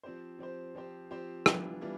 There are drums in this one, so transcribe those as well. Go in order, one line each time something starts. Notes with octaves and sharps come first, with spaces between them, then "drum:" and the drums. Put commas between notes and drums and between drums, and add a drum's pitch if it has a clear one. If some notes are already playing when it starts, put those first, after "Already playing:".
F3 C4 G4 C5
F3 C4 G4 C5
F3 C4 G4 C5
F3 C4 G4 C5
E3 G3 B3 D4 F4, drum: rim click
E3 G3 B3 D4 F4